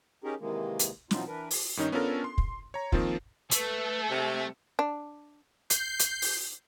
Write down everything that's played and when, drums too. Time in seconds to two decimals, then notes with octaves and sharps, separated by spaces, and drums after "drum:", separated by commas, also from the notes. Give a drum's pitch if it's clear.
0.24 C#4 D#4 G4 G#4 A#4
0.41 C3 D#3 E3 G#3 A#3
0.79 drum: hi-hat
1.11 B2 E3 F#3 C4 D#4 F4, drum: snare
1.27 E3 D4 A#4 B4
1.51 drum: open hi-hat
1.77 G2 D#3 C#4 D#4
1.92 B3 C#4 D4 F4 A4 A#4
2.24 C6
2.38 drum: kick
2.74 C#5 A#5
2.92 D#3 F3 A#3 C4 F4, drum: kick
3.51 A3 A4 B4, drum: hi-hat
4.10 C3 C4
4.79 D4
5.70 G6 C7, drum: hi-hat
5.99 drum: hi-hat
6.22 drum: open hi-hat